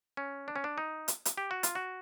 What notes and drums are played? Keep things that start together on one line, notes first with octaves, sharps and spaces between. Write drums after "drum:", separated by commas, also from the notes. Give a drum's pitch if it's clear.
C#4
D4
C#4
D4
D#4
drum: hi-hat
drum: hi-hat
G4
F#4
F4, drum: hi-hat
F#4